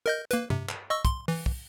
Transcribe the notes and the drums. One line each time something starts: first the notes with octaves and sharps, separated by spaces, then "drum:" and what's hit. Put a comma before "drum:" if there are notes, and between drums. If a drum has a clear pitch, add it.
A#4 D#5 G6
A#3 B4, drum: hi-hat
C3, drum: tom
drum: clap
D#5 C#6 E6
C6, drum: kick, hi-hat
E3, drum: open hi-hat
drum: kick